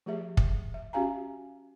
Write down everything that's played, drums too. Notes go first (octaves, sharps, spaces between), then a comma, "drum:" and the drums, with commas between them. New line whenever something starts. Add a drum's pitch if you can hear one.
F3 A3 G4 G#4 E5
drum: kick
E5
C#4 F#4 G4 F5 G#5 A#5